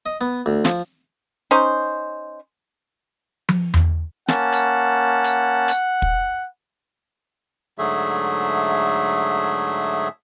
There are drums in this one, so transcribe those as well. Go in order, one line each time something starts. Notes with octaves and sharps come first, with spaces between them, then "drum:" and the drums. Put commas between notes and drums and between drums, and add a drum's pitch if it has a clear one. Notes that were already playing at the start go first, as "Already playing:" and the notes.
D#5
B3
D2
F3, drum: snare
C#4 D#4 C5
drum: tom F3
drum: tom E2
A#3 C#4 F#5 A5, drum: snare
drum: hi-hat
drum: hi-hat
drum: hi-hat
drum: kick
G#2 D3 F#3 A3 G#4 E5